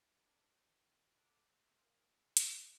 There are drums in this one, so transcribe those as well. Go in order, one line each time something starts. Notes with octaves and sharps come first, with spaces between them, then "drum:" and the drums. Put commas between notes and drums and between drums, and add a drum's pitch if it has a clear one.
D3 D4
D#3 D#4
D#3 D#4
D3 D4
C3 C4
A#2 A#3
G#2 G#3
G2 G3, drum: hi-hat